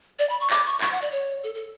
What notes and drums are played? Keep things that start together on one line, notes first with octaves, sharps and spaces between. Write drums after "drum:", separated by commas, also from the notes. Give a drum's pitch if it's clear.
D5
B5
C#6
D6, drum: clap
C#6
C#6, drum: clap
F#5
D5
C#5
A4
A4